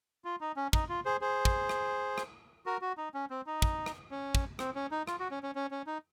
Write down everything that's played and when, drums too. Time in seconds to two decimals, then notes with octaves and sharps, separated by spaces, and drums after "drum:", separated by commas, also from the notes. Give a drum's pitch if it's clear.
0.25 F4
0.41 D#4
0.56 C#4
0.73 D#4, drum: kick
0.89 F4
1.05 G#4 C5
1.21 G#4 C5
1.45 drum: kick
1.69 drum: rim click
2.18 drum: rim click
2.66 F#4 A#4
2.81 F#4
2.97 D#4
3.14 C#4
3.30 C4
3.46 D#4
3.62 drum: kick
3.86 drum: rim click
4.11 C#4
4.35 drum: kick
4.59 C4, drum: rim click
4.75 C#4
4.91 D#4
5.07 F4, drum: rim click
5.20 F#4
5.31 C#4
5.43 C#4
5.55 C#4
5.71 C#4
5.87 D#4